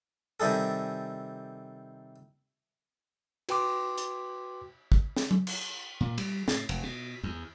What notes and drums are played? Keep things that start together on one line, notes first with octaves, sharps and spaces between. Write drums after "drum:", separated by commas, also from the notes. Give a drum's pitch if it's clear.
C3 D#3 G3 G#4 A4
F#4 B4 G5 C6 D6, drum: cymbal
drum: hi-hat
drum: kick
drum: snare
drum: tom F#3
drum: cymbal
A#2
G3, drum: cymbal
A2, drum: snare
F1, drum: cymbal
B2
E2